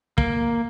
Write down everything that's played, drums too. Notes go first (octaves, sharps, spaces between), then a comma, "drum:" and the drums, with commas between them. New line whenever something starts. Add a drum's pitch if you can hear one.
A#3, drum: kick